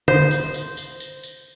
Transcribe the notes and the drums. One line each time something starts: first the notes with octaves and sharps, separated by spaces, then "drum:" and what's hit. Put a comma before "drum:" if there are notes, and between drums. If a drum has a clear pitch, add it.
C5, drum: tom
drum: tambourine
drum: tambourine
drum: tambourine
drum: tambourine
drum: tambourine